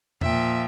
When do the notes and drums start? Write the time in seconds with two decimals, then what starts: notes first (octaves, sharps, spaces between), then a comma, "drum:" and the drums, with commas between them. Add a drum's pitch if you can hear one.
0.21 A#2 F3 E5 G5, drum: tom E2